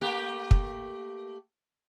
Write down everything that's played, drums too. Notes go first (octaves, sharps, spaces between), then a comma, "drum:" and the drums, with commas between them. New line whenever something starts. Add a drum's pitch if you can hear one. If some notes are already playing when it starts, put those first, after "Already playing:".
A3 A#3 G4
drum: kick